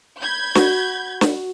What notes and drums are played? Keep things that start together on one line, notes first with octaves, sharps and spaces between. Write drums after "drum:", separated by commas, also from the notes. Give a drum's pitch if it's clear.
B5 G6 G#6
F#4, drum: snare
drum: snare